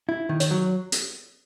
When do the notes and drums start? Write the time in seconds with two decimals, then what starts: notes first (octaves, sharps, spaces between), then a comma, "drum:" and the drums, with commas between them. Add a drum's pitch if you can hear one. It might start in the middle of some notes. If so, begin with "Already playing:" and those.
0.09 E4
0.29 D#3
0.40 C#5, drum: hi-hat
0.51 F#3
0.92 drum: hi-hat